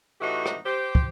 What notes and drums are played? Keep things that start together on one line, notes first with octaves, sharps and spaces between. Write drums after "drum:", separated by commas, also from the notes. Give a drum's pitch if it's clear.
A2 E3 D#4 F#4 G4
drum: rim click
G4 C5
drum: kick